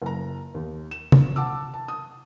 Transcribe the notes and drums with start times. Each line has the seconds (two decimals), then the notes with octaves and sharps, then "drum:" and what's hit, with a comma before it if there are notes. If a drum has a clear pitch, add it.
0.02 F#1 A#5
0.54 D#2
0.91 E7
1.12 drum: tom
1.36 F#5 A5 D6 E6
1.74 A5
1.88 D#6